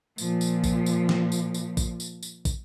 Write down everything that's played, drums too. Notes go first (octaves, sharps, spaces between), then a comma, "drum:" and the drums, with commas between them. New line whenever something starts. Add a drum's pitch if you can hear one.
A#2 F3, drum: tambourine
drum: tambourine
drum: kick, tambourine
drum: tambourine
drum: snare
drum: tambourine
drum: tambourine
drum: kick, tambourine
drum: tambourine
drum: tambourine
drum: kick, tambourine